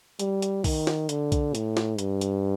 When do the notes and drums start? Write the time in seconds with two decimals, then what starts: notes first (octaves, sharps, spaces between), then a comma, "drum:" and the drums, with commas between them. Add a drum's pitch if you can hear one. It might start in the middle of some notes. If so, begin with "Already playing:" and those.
0.19 G3, drum: hi-hat
0.42 drum: hi-hat
0.64 D#3, drum: kick B1, open hi-hat
0.87 drum: snare
1.09 D3, drum: hi-hat
1.32 drum: kick B1, hi-hat
1.55 A2, drum: hi-hat
1.77 drum: snare
1.99 G2, drum: hi-hat
2.21 drum: hi-hat